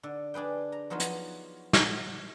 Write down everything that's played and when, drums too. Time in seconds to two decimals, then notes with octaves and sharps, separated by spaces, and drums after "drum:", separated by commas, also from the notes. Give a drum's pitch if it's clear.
0.03 D3
0.34 D4 G#4 B4 G5
0.72 A#5
0.90 F3 F#3 B3 D#4 F4 F#4
1.00 drum: hi-hat
1.73 F#3, drum: snare